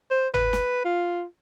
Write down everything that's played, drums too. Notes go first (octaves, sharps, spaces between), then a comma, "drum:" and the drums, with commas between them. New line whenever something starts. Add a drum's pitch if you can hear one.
C5
B4, drum: tom
drum: snare
F4